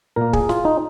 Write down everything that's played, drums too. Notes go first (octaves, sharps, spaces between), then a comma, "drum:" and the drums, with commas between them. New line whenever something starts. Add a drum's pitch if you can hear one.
A#2 A#3 A#4
G#4, drum: kick
F4, drum: snare
D#4